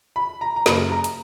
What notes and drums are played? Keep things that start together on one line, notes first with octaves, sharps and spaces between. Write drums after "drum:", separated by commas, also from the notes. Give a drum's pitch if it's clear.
B5
A#5
A#5
F#1 F#2 C#3 B5, drum: snare
A#5
drum: hi-hat